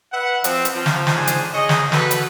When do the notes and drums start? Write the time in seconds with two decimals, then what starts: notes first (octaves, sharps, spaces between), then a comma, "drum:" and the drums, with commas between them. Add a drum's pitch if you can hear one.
0.12 B4 E5 F#5
0.44 F3 C4, drum: hi-hat
0.65 drum: hi-hat
0.74 F3
0.86 drum: snare
1.07 drum: snare
1.16 G#2 D4 G#4 C5 G#5
1.27 drum: hi-hat
1.54 G#4 C#5 D#5
1.69 drum: snare
1.92 F#4 A4 B4, drum: snare
2.11 drum: hi-hat